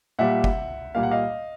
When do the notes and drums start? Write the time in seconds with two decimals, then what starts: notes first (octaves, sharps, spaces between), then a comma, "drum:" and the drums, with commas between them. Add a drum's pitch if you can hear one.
0.19 A#2 G3 A#3 E5 F#5
0.44 drum: kick F#1
0.95 A#2 G3 A#3 F5
1.03 F#5
1.11 D#5 F5